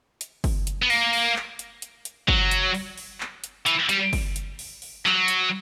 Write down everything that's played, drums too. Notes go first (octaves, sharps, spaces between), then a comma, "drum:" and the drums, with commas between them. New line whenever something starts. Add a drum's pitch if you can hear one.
drum: hi-hat
drum: kick, open hi-hat
drum: hi-hat
B3
A#3, drum: open hi-hat
drum: open hi-hat
drum: clap
drum: hi-hat
drum: hi-hat
drum: hi-hat
F#3, drum: kick
drum: hi-hat
drum: open hi-hat
drum: open hi-hat
drum: clap
drum: hi-hat
E3, drum: hi-hat
G3, drum: hi-hat
drum: kick, open hi-hat
drum: hi-hat
drum: open hi-hat
drum: open hi-hat
F#3, drum: clap
drum: hi-hat